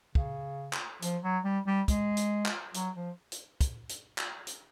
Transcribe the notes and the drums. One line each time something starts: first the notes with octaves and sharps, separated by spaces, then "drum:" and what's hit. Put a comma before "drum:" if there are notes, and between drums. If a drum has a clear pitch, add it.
C#3, drum: kick
drum: clap
F3, drum: hi-hat
F#3
G3
G3
G#3, drum: kick, hi-hat
drum: hi-hat
drum: clap
F#3, drum: hi-hat
F3
drum: hi-hat
drum: kick, hi-hat
drum: hi-hat
drum: clap
drum: hi-hat